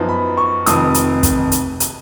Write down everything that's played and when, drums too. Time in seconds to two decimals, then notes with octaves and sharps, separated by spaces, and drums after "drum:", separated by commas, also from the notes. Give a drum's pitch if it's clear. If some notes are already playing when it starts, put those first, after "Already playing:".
Already playing: F#2 F3 B3 D#4
0.09 B5
0.37 C#6
0.66 F1 F2 D#3 D#6, drum: hi-hat
0.94 drum: hi-hat
1.23 drum: kick, hi-hat
1.52 drum: hi-hat
1.80 drum: hi-hat